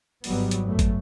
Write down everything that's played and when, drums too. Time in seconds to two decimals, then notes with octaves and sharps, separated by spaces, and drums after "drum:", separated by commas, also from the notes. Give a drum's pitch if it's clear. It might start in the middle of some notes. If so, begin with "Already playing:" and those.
0.24 G#1 F#3 G3 B3, drum: open hi-hat
0.51 drum: hi-hat
0.65 F#2 A3
0.79 drum: kick, hi-hat